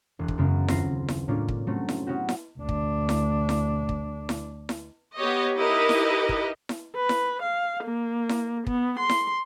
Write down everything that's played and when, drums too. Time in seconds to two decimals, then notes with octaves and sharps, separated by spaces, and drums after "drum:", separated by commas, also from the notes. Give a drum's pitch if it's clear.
0.19 E1 F#6
0.28 drum: kick
0.38 F#2 C#3 G#3 B3 C#4
0.68 D#1 C4 F4 A#6 C7, drum: snare E4
1.08 drum: snare E4
1.28 A2 G#3 A#3 C#4 D4 F4
1.49 drum: kick
1.67 F#3 G3 A3 C4 C#4
1.89 drum: snare E4
2.07 B3 C#4 E4 F#4 G4
2.29 drum: snare E4
2.59 D2 D4
2.69 drum: kick
3.09 drum: snare E4
3.49 drum: snare E4
3.89 drum: kick
4.29 drum: snare E4
4.69 drum: snare E4
5.17 B3 G4 C#5 D#5
5.57 D#4 E4 G4 A#4 B4 D#5
5.89 drum: snare E4
6.29 drum: kick
6.69 drum: snare E4
6.96 B4
7.09 drum: snare E4
7.42 F5
7.84 A#3
8.29 drum: snare E4
8.67 B3, drum: kick
8.99 C6
9.09 drum: snare E4